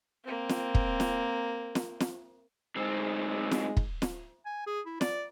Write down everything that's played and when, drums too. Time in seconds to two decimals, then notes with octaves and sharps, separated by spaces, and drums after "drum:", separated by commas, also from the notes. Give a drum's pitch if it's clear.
0.24 A#3 C4
0.49 drum: snare
0.75 drum: kick
1.00 drum: snare
1.75 drum: snare
2.00 drum: snare
2.76 D2 G#3 C4 D#4
3.51 drum: snare
3.77 drum: kick
4.02 drum: snare
4.46 G#5
4.67 G#4
4.86 E4
5.01 D5, drum: snare